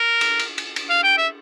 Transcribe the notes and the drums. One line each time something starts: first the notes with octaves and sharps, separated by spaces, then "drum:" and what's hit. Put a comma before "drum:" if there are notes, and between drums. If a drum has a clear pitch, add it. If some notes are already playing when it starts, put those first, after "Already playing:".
Already playing: A#4
drum: cymbal
drum: cymbal
drum: cymbal
drum: cymbal
F5
G5
E5